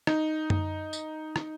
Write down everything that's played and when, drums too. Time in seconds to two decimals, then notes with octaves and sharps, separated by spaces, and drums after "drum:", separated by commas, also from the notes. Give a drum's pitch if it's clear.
0.07 D#4, drum: rim click
0.50 drum: tom F#2
0.93 drum: tambourine
1.36 drum: rim click